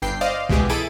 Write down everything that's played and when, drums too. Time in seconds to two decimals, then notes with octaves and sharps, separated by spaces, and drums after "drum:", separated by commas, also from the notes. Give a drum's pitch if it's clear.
0.02 G1 G2 G5 C7
0.21 C5 D5 D#5 F5
0.49 B2 E3 G#3 G4 G#4, drum: kick C2
0.69 E4 G#4 A4 A6 D7 D#7